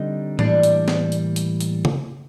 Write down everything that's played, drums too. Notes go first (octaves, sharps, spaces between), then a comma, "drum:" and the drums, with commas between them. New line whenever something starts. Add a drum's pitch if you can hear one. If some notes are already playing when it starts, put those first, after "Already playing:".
Already playing: D3 G3 C4 D#4 D#5
A2 E3 G3 A#3 D4 D5, drum: tom A2
drum: hi-hat
drum: snare
drum: hi-hat
drum: hi-hat
drum: hi-hat
drum: tom C#3